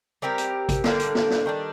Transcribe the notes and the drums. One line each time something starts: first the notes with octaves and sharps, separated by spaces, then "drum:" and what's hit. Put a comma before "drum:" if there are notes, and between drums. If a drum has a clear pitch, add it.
G3 C4 G4 A#4
drum: hi-hat
drum: kick, hi-hat
D3 G3 A#3 D4, drum: snare
drum: hi-hat
drum: snare
drum: snare
D#3 G3 D4